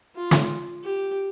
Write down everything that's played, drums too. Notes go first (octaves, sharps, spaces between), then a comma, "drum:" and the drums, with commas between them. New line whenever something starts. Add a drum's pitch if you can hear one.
F4
drum: snare
G4